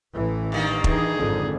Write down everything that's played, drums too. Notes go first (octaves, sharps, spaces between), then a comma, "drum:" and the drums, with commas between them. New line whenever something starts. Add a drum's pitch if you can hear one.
A1 E3
G2 D#3 A#3
E3 D#4 G#4, drum: kick
G#1 F2 D3